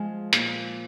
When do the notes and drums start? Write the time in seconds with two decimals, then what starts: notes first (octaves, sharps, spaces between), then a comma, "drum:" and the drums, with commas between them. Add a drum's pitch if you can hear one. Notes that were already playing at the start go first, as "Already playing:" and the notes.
Already playing: F3 G#3 G#5
0.33 A#2, drum: hi-hat